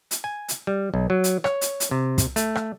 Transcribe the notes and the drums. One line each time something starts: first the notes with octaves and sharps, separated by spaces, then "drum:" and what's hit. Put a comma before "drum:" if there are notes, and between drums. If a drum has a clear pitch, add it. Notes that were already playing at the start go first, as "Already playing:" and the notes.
drum: hi-hat
G#5
drum: hi-hat
G3
B1
F#3
drum: hi-hat
C#5, drum: rim click
drum: hi-hat
drum: hi-hat
C3
drum: kick, hi-hat
A3, drum: hi-hat
drum: rim click